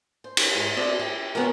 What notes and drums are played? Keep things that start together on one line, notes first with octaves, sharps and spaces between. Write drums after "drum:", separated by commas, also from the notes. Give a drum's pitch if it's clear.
C5
drum: cymbal
G#2
C4 F#4 A4 D5 D#5
G4
C3 B3 C#4 F4 F#4 A#4